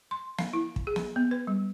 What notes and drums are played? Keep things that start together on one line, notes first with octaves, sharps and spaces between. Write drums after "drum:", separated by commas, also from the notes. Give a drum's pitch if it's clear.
C6
F5, drum: snare
E4
drum: kick
G#4
drum: snare
B3
B4
G3